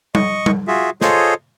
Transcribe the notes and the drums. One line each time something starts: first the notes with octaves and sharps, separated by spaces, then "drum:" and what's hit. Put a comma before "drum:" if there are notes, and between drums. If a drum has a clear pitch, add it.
D#5 C#6, drum: tom G3
drum: tom G3
F4 F#4 G#4 E5
F4 G#4 A4 C5 C#5 D#5, drum: snare